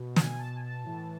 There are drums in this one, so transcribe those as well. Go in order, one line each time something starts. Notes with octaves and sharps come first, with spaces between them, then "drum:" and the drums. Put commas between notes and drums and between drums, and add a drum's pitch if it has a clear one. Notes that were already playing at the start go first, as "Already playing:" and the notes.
Already playing: B2
G#5, drum: snare
A5
G#5
A5
A2 E3